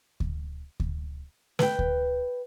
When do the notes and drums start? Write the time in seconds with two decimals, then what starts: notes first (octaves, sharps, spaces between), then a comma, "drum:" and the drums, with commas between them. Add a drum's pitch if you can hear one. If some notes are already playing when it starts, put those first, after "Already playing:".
0.20 drum: kick D2
0.80 drum: kick D2
1.59 B4 G5, drum: snare
1.79 drum: kick D2